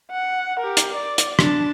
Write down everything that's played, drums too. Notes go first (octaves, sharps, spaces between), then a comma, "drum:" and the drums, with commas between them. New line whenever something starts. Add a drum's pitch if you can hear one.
F#5
G4 A#4
drum: hi-hat
D5
drum: hi-hat
D4 A5, drum: rim click